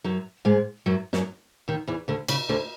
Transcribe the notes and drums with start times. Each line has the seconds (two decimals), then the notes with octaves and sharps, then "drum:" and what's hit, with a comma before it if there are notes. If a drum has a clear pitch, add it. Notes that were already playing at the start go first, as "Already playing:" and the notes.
0.04 F#2 F#3
0.45 G#2 G#3
0.86 F#2 F#3
1.13 F#2 F#3, drum: snare
1.68 D#2 D#3
1.87 E2 E3
2.08 D2 D3
2.28 C#3, drum: cymbal
2.49 D2 D3